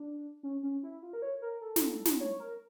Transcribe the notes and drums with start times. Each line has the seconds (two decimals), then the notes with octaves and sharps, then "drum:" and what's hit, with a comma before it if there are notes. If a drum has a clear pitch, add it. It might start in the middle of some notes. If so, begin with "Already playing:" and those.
Already playing: D4
0.43 C#4
0.63 C#4
0.83 E4
1.02 F4
1.13 A#4
1.22 C#5
1.42 A#4
1.61 A4
1.76 drum: snare
2.05 drum: snare
2.20 C#5
2.40 A#4